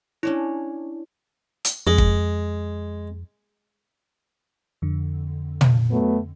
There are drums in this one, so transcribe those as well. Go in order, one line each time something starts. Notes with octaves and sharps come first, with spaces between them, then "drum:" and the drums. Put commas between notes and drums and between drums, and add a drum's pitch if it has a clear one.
C#4 D4 E4 C#5
drum: hi-hat
F2 G#3
drum: kick
F2 D3
drum: tom
F#3 A3 B3